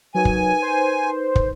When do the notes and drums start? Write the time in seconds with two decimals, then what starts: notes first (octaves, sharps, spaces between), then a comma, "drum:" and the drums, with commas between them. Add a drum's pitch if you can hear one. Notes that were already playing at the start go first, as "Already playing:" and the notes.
0.15 F#3 D#4 A#4 B4 G#5
0.25 drum: kick
0.62 C5
1.35 drum: kick